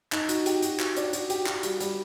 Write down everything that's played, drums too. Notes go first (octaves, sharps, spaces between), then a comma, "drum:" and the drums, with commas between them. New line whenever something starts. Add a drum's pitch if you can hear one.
D#4, drum: clap
F#4, drum: hi-hat
G4, drum: hi-hat
F#4, drum: hi-hat
F#4, drum: clap
D4, drum: hi-hat
F#4, drum: hi-hat
G4, drum: hi-hat
F#4, drum: clap
G3, drum: hi-hat
G3, drum: hi-hat